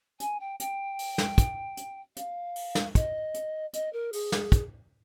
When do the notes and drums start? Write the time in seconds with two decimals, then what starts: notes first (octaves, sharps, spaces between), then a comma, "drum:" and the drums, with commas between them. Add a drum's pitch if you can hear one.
0.20 G#5, drum: hi-hat
0.40 G5
0.60 G5, drum: hi-hat
0.99 drum: open hi-hat
1.18 drum: snare
1.38 drum: kick, hi-hat
1.77 drum: hi-hat
2.16 F5, drum: hi-hat
2.56 drum: open hi-hat
2.75 drum: snare
2.95 D#5, drum: kick, hi-hat
3.34 drum: hi-hat
3.73 D#5, drum: hi-hat
3.93 A#4
4.13 G#4, drum: open hi-hat
4.32 drum: snare
4.52 drum: kick, hi-hat